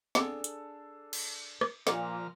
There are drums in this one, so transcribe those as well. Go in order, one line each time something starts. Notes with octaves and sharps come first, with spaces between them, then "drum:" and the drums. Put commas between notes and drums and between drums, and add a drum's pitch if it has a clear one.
B3 C4 D4 G#4 A4, drum: snare
drum: hi-hat
drum: cymbal
drum: rim click
A#2 F3 A#5 F6, drum: snare